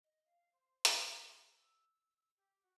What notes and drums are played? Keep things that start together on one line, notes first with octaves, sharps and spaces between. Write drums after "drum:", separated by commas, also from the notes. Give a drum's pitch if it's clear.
D#5
F5
C5
C#6, drum: hi-hat
E6
G4
F#4